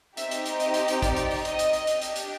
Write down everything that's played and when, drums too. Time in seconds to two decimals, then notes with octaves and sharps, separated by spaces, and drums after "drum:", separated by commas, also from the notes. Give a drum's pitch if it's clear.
0.17 C4 D#4 G4 E5, drum: hi-hat
0.31 drum: hi-hat
0.46 drum: hi-hat
0.60 D#5, drum: hi-hat
0.74 drum: hi-hat
0.88 drum: hi-hat
1.02 D5, drum: kick, hi-hat
1.16 drum: hi-hat
1.31 drum: open hi-hat
1.45 D#5, drum: hi-hat
1.59 drum: hi-hat
1.73 drum: hi-hat
1.87 D4 G4, drum: hi-hat
2.02 drum: hi-hat
2.16 drum: hi-hat